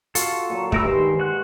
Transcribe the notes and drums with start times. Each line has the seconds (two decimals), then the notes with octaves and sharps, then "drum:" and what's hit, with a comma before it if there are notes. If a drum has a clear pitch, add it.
0.15 F4 F#4 A4, drum: hi-hat
0.50 A#2 F#3
0.72 A3 G4 A#4 B5 E6, drum: kick
0.84 G2 D#3 G#3 C5
1.20 F#4 F#6